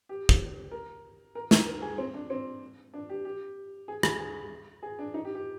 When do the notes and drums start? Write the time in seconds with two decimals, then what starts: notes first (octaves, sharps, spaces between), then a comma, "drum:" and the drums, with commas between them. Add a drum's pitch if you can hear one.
0.09 G4
0.29 drum: kick
0.71 A#4
1.35 A#4
1.51 A#4, drum: snare
1.66 A#4
1.82 G#4
1.98 C4
2.14 D4
2.30 C4
2.94 D4
3.09 G4
3.25 G4
3.88 G#4
4.03 G#4, drum: rim click
4.19 G#4
4.83 G#4
4.99 D4
5.14 D#4
5.25 G4
5.35 G4